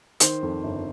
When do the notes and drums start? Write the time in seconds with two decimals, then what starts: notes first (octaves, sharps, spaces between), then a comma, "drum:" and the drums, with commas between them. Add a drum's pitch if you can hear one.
0.20 D#3 C5, drum: hi-hat
0.42 F2
0.64 G1